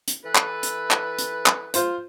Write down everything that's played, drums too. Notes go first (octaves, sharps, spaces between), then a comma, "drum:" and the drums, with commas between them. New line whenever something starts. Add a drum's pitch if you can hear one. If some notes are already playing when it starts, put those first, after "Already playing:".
drum: hi-hat
E3 A4 B4
drum: clap
drum: hi-hat
drum: clap
drum: hi-hat
drum: clap
F4 C5, drum: hi-hat